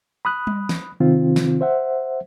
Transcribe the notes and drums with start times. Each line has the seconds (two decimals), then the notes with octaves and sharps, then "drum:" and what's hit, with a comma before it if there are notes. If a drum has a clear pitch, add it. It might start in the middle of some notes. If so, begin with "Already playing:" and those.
0.25 B5 D#6 F#6
0.47 drum: tom G3
0.69 drum: snare
1.00 C3 D#3 C4 F4
1.36 drum: snare
1.61 C5 E5 F#5